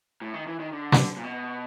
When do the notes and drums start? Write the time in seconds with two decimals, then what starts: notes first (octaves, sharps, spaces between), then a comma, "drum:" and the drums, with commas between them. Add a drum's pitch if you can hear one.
0.22 A2
0.34 D#3
0.47 E3
0.60 D#3
0.73 D3
0.92 drum: snare
1.17 A#2
1.24 B2